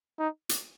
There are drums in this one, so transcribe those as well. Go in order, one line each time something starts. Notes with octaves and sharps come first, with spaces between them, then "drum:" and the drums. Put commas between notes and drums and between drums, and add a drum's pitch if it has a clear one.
D#4
drum: hi-hat